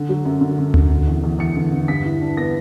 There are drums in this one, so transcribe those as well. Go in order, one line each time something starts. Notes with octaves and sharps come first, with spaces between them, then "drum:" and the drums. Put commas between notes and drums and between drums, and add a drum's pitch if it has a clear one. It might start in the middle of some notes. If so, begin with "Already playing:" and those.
Already playing: D3
F#3
F#2
D3
D3
D3, drum: tom D2
D3
E2
E2
E2 C#7
D3
D3
G2 B6
E3
D4
B3 A#6